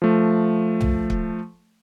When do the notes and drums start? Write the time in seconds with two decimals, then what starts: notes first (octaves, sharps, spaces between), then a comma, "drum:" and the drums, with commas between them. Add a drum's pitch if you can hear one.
0.02 F3 A3
0.81 drum: tom
1.10 drum: kick